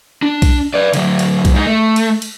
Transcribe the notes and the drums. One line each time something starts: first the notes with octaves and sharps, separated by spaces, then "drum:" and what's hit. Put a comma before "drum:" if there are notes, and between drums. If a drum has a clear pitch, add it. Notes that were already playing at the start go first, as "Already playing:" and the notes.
D4
drum: kick B1, cymbal
B4 D5
D3 F#3, drum: cymbal
drum: cymbal
drum: kick B1, cymbal
G#2 D#4
A3
drum: cymbal
drum: cymbal